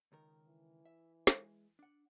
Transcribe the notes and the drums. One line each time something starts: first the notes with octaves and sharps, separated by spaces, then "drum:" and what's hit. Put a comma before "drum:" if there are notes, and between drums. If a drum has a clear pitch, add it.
C#2 D#3 A#4
E3
E5
G#3, drum: snare
D4 F#5